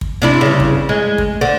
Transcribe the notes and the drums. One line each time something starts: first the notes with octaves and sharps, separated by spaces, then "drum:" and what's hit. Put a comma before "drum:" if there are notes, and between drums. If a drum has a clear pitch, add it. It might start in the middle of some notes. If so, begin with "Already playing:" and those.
drum: kick
C3 D4 E4
G2 C#3
drum: kick
G#3
drum: kick
D3 C5